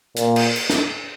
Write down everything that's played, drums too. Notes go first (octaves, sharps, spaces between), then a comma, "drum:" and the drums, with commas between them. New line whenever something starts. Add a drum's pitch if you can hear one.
A#2, drum: hi-hat
drum: cymbal
drum: cymbal
drum: snare